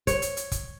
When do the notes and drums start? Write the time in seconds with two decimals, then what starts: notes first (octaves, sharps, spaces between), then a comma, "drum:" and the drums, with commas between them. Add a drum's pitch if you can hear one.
0.07 C#5, drum: kick, hi-hat
0.22 drum: hi-hat
0.37 drum: hi-hat
0.52 drum: kick, hi-hat